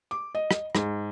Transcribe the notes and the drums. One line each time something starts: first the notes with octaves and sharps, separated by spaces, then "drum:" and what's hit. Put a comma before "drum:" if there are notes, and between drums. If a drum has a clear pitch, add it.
D6
D#5
drum: rim click
G#2, drum: rim click